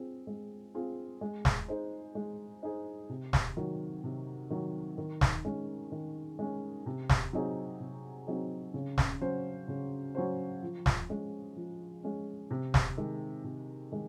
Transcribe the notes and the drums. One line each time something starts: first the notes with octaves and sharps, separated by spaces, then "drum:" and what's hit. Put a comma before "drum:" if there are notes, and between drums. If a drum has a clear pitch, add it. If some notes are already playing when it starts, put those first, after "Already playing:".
Already playing: C4 F4 G#4
G#3
C4 F4 G#4
G#3
drum: snare
D#4 G#4 C5
G#3
D#4 G#4 C5
C3
drum: snare
D#3 F#3
C3
D#3 F#3
D#3
drum: snare
G#3 C#4
D#3
G#3 C#4
C3
drum: snare
F#3 C4 D#4 G#4
C3
F#3 C4 D#4 G#4
C#3
drum: snare
F#3 C#4 F#4 C5
C#3
F#3 C#4 F#4 C5
F3
drum: snare
G#3 C#4
F3
G#3 C#4
C3
drum: snare
D#3 G#3
C3
D#3 G#3